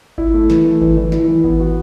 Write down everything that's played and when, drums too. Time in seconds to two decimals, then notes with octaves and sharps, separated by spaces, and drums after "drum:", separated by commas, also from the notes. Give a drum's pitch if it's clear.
0.18 E4, drum: kick G#1
0.34 A3
0.50 E3, drum: snare
0.65 A3
0.81 E3, drum: kick G#1
0.97 E3
1.12 E4, drum: snare
1.28 E3
1.44 B3, drum: kick G#1
1.60 F#4